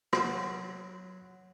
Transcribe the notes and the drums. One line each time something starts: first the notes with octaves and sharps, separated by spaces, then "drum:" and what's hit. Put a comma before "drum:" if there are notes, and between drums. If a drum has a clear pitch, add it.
F#3, drum: rim click